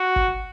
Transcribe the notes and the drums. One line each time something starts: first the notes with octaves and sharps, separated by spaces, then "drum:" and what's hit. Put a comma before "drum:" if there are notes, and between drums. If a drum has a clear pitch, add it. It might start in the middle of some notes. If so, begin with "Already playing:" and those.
Already playing: F#4
drum: kick G1